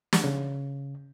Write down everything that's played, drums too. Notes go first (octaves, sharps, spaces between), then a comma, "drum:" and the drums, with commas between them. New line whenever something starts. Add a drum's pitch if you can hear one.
drum: snare
C#3